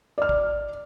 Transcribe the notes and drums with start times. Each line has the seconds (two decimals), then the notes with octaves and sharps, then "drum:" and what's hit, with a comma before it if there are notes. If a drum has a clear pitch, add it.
0.18 D5 F6
0.29 drum: kick